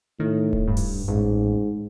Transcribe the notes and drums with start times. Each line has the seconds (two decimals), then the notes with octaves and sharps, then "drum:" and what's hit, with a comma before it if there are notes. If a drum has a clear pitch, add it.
0.20 A2 D#3
0.53 drum: kick D1
0.68 G2
0.77 drum: open hi-hat
1.08 A1 G#2